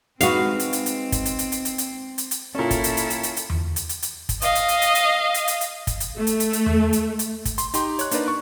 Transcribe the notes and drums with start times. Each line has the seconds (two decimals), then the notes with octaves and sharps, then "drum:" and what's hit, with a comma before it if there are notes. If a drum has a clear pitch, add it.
0.21 G#3 C4 D#4 F#4 B4 F5, drum: hi-hat
0.60 drum: hi-hat
0.73 drum: hi-hat
0.86 drum: hi-hat
1.12 drum: kick, hi-hat
1.25 drum: hi-hat
1.39 drum: hi-hat
1.52 drum: hi-hat
1.65 drum: hi-hat
1.78 drum: hi-hat
2.18 drum: hi-hat
2.31 drum: hi-hat
2.55 A#2 C#4 E4 A4
2.71 drum: kick, hi-hat
2.84 drum: hi-hat
2.97 drum: hi-hat
3.10 drum: hi-hat
3.23 drum: hi-hat
3.37 drum: hi-hat
3.50 drum: tom E2
3.76 drum: hi-hat
3.89 drum: hi-hat
4.02 drum: hi-hat
4.29 drum: kick, hi-hat
4.42 D#5 F5, drum: hi-hat
4.55 drum: hi-hat
4.68 drum: hi-hat
4.82 drum: hi-hat
4.95 drum: hi-hat
5.34 drum: hi-hat
5.48 drum: hi-hat
5.61 drum: hi-hat
5.87 drum: kick, hi-hat
6.00 drum: hi-hat
6.17 A3
6.27 drum: hi-hat
6.40 drum: hi-hat
6.53 drum: hi-hat
6.66 drum: tom E2
6.93 drum: hi-hat
7.19 drum: hi-hat
7.45 drum: kick, hi-hat
7.58 C6, drum: hi-hat
7.74 D#4 G4 C6, drum: hi-hat
7.99 C#5 F#6, drum: hi-hat
8.11 A#3 D4 D#4 B4 D5, drum: hi-hat
8.28 C#6